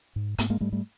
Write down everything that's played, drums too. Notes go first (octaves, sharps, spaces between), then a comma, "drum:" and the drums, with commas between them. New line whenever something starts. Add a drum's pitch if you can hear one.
G#2
G#2 A3 B3, drum: hi-hat
G#3 A#3
G#2 G3 A3
G3 A3